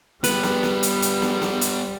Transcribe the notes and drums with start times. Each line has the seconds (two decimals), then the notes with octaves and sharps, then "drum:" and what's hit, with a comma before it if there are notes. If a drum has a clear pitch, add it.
0.24 G2 G3 B3 B4, drum: hi-hat
0.43 drum: snare
0.63 drum: snare
0.83 drum: hi-hat
1.02 drum: hi-hat
1.22 drum: snare
1.42 drum: snare
1.61 drum: hi-hat